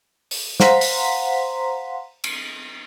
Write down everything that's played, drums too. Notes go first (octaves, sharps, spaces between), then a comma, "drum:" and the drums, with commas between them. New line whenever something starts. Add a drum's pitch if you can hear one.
drum: open hi-hat
C5 F5 F#5 A#5 C6 B6, drum: snare
drum: open hi-hat
drum: cymbal